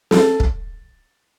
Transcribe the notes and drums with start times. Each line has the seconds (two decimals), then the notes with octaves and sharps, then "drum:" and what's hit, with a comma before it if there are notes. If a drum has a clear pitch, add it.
0.11 A4, drum: snare
0.40 drum: kick